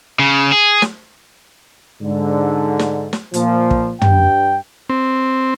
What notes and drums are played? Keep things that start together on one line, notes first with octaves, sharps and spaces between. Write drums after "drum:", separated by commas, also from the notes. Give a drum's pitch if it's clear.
C#3
G#4
drum: snare
G#2 D3
drum: snare
drum: snare
A#2 F3, drum: hi-hat
drum: kick
G2 G5, drum: tom
C4